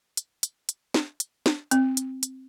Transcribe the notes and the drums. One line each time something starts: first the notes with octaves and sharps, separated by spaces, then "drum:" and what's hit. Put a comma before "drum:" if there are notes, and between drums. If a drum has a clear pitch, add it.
drum: hi-hat
drum: hi-hat
drum: hi-hat
drum: snare
drum: hi-hat
drum: snare
C4, drum: hi-hat
drum: hi-hat
drum: hi-hat